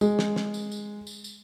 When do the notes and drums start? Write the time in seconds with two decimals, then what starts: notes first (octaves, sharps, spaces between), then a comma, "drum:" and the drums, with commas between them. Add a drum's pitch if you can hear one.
0.01 G#3, drum: tambourine
0.19 drum: snare
0.36 drum: snare
0.54 drum: tambourine
0.71 drum: tambourine
1.07 drum: tambourine
1.24 drum: tambourine